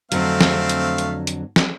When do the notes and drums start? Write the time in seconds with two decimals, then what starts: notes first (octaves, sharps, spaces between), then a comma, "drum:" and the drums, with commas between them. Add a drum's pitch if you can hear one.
0.12 F2 D3 F#3 A3 C4 F5, drum: hi-hat
0.41 drum: snare
0.69 drum: hi-hat
0.98 drum: hi-hat
1.27 drum: hi-hat
1.56 drum: snare